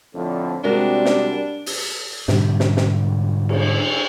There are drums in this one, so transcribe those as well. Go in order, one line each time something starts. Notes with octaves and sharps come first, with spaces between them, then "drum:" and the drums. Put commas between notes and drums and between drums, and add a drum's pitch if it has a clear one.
F2 A2 D3
C3 G3 G#3 D4 F#4 A#4
drum: snare
drum: open hi-hat
G#2 B2 D3 G3, drum: snare
drum: snare
drum: snare
drum: cymbal